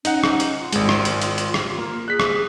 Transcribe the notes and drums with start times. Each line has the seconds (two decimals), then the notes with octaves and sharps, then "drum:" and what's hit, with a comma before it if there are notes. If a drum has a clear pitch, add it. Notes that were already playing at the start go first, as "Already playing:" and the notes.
0.05 C#4 D#4 F#5, drum: hi-hat
0.24 drum: rim click
0.40 drum: hi-hat
0.59 F4
0.73 G#1 G#3, drum: hi-hat
0.89 drum: rim click
1.05 drum: hi-hat
1.22 drum: hi-hat
1.38 drum: hi-hat
1.54 drum: rim click
1.78 A#3 F4
2.08 G#4 F#6 B6
2.20 drum: rim click